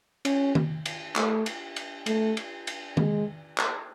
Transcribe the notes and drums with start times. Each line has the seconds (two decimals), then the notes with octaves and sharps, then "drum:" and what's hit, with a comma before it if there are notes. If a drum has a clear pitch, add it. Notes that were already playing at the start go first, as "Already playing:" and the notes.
0.25 C#4, drum: cymbal
0.55 drum: tom D#3
0.86 drum: cymbal
1.16 A3, drum: clap
1.46 drum: cymbal
1.76 drum: cymbal
2.06 A3, drum: cymbal
2.37 drum: cymbal
2.67 drum: cymbal
2.97 G#3, drum: tom D#3
3.58 drum: clap